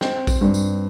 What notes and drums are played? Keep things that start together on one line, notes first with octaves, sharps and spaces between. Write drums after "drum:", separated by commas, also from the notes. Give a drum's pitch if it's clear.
C4, drum: snare
drum: kick A#1, tambourine
G2
drum: tambourine